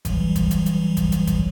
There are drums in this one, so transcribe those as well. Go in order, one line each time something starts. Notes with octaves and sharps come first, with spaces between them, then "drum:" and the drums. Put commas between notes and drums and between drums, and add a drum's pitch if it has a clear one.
E3 F#3 G3, drum: kick, hi-hat
drum: kick, hi-hat
drum: hi-hat
drum: hi-hat
drum: kick, hi-hat
drum: hi-hat
drum: kick, hi-hat